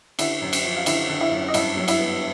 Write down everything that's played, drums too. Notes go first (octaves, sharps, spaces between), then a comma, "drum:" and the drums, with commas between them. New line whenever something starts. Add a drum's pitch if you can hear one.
D3 E4 E5, drum: cymbal
F#2
drum: cymbal
F3
F5
D3 E4 E5, drum: cymbal
D3
E4 E5
F#2
D#5
G2 E4 E5, drum: cymbal
F#3
E4 E5, drum: cymbal
B3